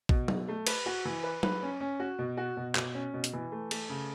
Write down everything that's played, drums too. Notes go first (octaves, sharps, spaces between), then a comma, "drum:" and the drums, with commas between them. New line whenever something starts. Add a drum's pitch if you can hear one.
B2, drum: kick A#1
B2, drum: tom F#3
A3
B4, drum: cymbal
F#4
E3
B4
B4, drum: tom F#3
C#4
C#4
F#4
B2
F#4
B2
B2, drum: clap
C#4
B2
drum: hi-hat
E3
A3
A3, drum: cymbal
C#3